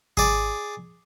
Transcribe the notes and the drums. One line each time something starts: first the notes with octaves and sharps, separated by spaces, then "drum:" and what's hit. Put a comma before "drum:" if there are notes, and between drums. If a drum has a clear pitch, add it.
G#4 D5, drum: kick G#1